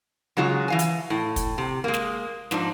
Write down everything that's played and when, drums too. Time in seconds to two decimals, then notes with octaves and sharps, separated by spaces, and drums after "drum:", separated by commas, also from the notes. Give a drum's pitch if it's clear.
0.37 C#3 F#3 G#3 F4
0.68 E3 F5 G#5
0.79 drum: hi-hat
1.10 A2
1.36 drum: kick, hi-hat
1.58 C3
1.84 G#3 A#3
1.94 drum: snare
2.51 G#2 F3 D4 D#4, drum: snare